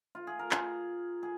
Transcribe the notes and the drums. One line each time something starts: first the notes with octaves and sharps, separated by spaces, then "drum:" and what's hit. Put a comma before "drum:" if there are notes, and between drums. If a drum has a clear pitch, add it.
F4
G#4
A#4
G#4, drum: clap
G#4